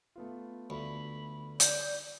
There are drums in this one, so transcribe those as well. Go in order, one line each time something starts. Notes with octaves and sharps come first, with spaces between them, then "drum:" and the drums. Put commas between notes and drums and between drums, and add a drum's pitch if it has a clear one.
A3 B3 F4
D2 B5
D5 G6, drum: hi-hat